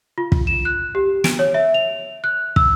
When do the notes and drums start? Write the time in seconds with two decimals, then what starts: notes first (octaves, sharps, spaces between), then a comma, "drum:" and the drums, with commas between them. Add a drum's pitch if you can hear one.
0.18 F4
0.32 drum: kick
0.47 E7
0.65 F#6
0.95 G4
1.24 D7, drum: snare
1.39 C#5
1.54 E5
1.74 F7
2.24 F#6
2.56 E6, drum: kick